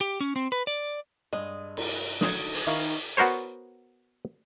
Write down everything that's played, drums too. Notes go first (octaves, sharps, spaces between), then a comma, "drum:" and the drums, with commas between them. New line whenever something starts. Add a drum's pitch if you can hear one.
G4
C#4
C4
B4
D5
G2 G#3 D#5
drum: cymbal
D3 F#3 D#4 D#6 G#6, drum: snare
drum: open hi-hat
D#3 D#4 E4 A#4 F5 C#6
B3 F#4 A#4 C5 C#5